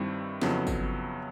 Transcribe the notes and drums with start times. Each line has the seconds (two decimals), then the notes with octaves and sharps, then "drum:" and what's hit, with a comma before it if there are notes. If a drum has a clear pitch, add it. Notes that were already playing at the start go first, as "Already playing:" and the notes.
Already playing: G2 D#3 G3 C4 E4
0.42 F2 C#3 F#3 B3 E4, drum: snare
0.67 drum: kick G1, tambourine